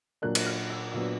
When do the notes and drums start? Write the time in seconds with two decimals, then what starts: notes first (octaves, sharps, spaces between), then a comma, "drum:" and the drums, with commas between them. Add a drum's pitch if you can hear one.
0.22 A#2 F#3 A#3 D4 F#6
0.35 drum: cymbal
0.46 F6
0.70 E6
0.94 A#2 F#3 B3 D4